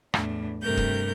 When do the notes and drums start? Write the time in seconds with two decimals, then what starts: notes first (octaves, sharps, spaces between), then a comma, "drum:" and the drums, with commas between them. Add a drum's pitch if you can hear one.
0.14 E2 A2 D4, drum: rim click
0.63 G2 C3 A3 A#4 G6
0.77 drum: kick